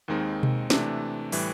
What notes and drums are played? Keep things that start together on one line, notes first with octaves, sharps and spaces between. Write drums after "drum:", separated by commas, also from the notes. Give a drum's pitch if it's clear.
D#2 D#3 G#3 C4 D#4
drum: tom B2
C3 E3 A3 D4, drum: snare
A2 E3 G3, drum: open hi-hat